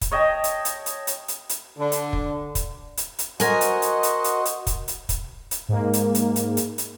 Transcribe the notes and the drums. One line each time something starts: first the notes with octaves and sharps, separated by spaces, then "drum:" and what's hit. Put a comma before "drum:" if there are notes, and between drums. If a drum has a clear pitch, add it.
drum: kick, hi-hat
C#5 D#5 G5 A5
drum: hi-hat
drum: hi-hat
drum: hi-hat
drum: hi-hat
drum: hi-hat
drum: hi-hat
D3
drum: hi-hat
drum: kick
drum: kick, hi-hat
drum: hi-hat
drum: hi-hat
F#4 A#4 C5 D#5 G#5, drum: hi-hat
drum: hi-hat
drum: hi-hat
drum: hi-hat
drum: hi-hat
drum: hi-hat
drum: kick, hi-hat
drum: hi-hat
drum: kick, hi-hat
drum: hi-hat
G#2 A#3
drum: hi-hat
drum: hi-hat
drum: hi-hat
drum: hi-hat
drum: hi-hat